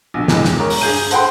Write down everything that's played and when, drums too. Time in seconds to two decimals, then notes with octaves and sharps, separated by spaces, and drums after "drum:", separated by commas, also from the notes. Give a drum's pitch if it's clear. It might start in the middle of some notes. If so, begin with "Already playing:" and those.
0.14 A#1 B2 D3
0.28 D#1 E2 G2 G#3, drum: snare
0.44 drum: snare
0.60 A#4 C#5
0.70 drum: open hi-hat
0.81 G2 G#4 G6 D#7
1.11 A4 C5 F#5 G5 B5 C6, drum: hi-hat